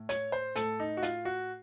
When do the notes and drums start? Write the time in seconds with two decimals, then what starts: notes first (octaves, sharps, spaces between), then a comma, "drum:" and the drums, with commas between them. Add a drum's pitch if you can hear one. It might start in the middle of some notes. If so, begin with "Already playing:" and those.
Already playing: A2
0.09 C#5, drum: hi-hat
0.32 C5
0.56 A2 A4, drum: hi-hat
0.80 D#4
0.97 F#4
1.03 F4, drum: hi-hat
1.25 F#4